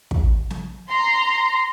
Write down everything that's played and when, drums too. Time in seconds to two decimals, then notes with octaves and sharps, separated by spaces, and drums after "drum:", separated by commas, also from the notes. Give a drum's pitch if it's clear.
0.11 drum: kick
0.50 drum: snare
0.90 A#5 C6